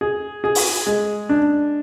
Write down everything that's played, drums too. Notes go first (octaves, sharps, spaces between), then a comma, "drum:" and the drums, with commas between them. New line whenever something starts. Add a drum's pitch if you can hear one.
G#4
G#4
drum: open hi-hat
G#3
D4